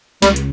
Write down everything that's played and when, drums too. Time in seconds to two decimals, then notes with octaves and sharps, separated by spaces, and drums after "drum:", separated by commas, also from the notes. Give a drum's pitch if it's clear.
0.22 C#2 G3, drum: snare
0.36 drum: hi-hat